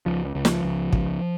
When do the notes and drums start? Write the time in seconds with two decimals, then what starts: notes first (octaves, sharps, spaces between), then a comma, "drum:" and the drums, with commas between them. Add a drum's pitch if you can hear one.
0.06 C#2 F3
0.35 C#2
0.45 F3, drum: snare
0.64 C#2
0.93 C#2, drum: kick